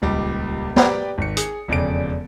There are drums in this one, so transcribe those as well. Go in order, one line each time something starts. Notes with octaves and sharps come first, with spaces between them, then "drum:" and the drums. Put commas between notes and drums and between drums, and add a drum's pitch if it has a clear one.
D#1 C#2 G3 G4
G4 B4 D5 G5 A#5 B5, drum: snare
G#1 C#7
G#4, drum: hi-hat
E1 F2 C#3 D5 D7